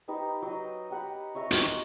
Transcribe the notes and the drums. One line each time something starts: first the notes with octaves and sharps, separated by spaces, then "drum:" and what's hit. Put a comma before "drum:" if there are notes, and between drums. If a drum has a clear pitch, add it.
D#4 G4 B4 C5
F#3 D#5
G4 F#5 B5
C#5 D#5 E5 A#5
F#4 D#5 C6, drum: hi-hat